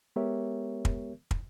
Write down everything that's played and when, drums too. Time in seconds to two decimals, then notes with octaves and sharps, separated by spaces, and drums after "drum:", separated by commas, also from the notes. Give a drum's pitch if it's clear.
0.16 G#3 B3 G4 A#4 C#5 E5
0.85 drum: kick
1.31 drum: kick